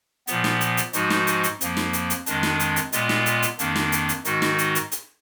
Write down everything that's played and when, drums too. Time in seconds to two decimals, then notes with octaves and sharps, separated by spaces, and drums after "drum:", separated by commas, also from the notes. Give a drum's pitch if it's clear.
0.27 A#2 F3 B3, drum: hi-hat
0.44 drum: snare
0.61 drum: hi-hat
0.77 drum: hi-hat
0.93 G#2 F3 G#3 D#4 F#4, drum: hi-hat
1.10 drum: snare
1.27 drum: hi-hat
1.43 drum: hi-hat
1.61 F2 F3 A#3, drum: hi-hat
1.77 drum: snare
1.93 drum: hi-hat
2.10 drum: hi-hat
2.26 F2 D#3 G#3 D4, drum: hi-hat
2.43 drum: snare
2.60 drum: hi-hat
2.76 drum: hi-hat
2.92 A#2 G#3 B3 F4, drum: hi-hat
3.09 drum: snare
3.26 drum: hi-hat
3.42 drum: hi-hat
3.59 F2 D#3 A#3 D4, drum: hi-hat
3.76 drum: snare
3.92 drum: hi-hat
4.09 drum: hi-hat
4.25 G#2 D#3 G#3 D#4 F#4, drum: hi-hat
4.42 drum: snare
4.58 drum: hi-hat
4.75 drum: hi-hat
4.92 drum: hi-hat